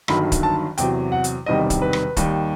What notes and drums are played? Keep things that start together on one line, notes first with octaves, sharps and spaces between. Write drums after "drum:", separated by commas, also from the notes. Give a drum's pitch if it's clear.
G1 G2 D#3 F#3 B5, drum: rim click
drum: kick, hi-hat
A5
E2 C3 F#3 G5, drum: hi-hat
F#5
drum: hi-hat
E1 E2 C3 D#3 G3 D#5
drum: kick, hi-hat
B4
drum: rim click
D#2 D#3 G3, drum: kick, hi-hat